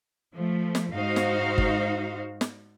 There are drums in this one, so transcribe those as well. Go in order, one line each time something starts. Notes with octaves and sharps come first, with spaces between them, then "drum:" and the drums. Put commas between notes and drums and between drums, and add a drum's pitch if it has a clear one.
F3 A3
drum: snare
G#2 D#4 F#4 C5 F5
drum: snare
drum: kick G1
drum: snare